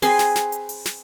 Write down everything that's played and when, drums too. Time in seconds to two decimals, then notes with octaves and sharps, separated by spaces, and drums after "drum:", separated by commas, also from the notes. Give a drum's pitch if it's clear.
0.02 C4 G#4 B4 C6, drum: open hi-hat
0.19 drum: snare
0.36 drum: snare
0.52 drum: hi-hat
0.69 drum: open hi-hat
0.85 drum: snare